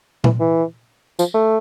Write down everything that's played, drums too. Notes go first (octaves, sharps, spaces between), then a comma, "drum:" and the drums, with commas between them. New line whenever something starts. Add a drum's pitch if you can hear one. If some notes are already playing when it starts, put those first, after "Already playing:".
E3, drum: tom A#2
E3
F3, drum: tambourine
A3